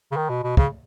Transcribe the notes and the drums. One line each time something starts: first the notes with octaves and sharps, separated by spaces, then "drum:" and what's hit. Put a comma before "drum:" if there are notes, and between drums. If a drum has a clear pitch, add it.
C#3
D#3
B2
B2
C#3, drum: kick